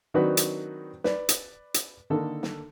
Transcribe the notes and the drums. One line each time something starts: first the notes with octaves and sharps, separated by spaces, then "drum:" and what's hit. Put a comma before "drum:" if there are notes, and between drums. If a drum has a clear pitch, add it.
D#3 F#3 C4 D4 F#4 B4
drum: hi-hat
B4 D5, drum: snare
drum: hi-hat
drum: hi-hat
D3 D#3 A#3 A4
drum: snare